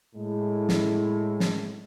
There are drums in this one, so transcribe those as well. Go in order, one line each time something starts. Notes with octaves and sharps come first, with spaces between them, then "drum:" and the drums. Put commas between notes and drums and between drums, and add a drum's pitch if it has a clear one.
A2 G#3
drum: snare
drum: snare